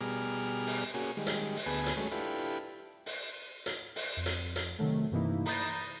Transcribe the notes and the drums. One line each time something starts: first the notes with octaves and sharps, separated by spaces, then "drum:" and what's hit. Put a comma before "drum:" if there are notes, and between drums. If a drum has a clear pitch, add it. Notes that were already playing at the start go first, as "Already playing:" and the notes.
B2 G3 G#4 D5 A#5 F6
drum: open hi-hat
A#3 C#4 F#4 G#4
D#3 G3 G#3
drum: hi-hat
drum: open hi-hat
D2 B3 G#4 B4 G#5 A5
drum: hi-hat
F#3 G#3 A3 C#4
D4 E4 F4 G4 A4 B4
drum: open hi-hat
drum: hi-hat
drum: open hi-hat
F2
drum: hi-hat
drum: hi-hat
C3 D#3 F#3 A3
G2 C3 E3 A#3 D#4 E4
A#5 B5 D#6 G6 A6 A#6, drum: open hi-hat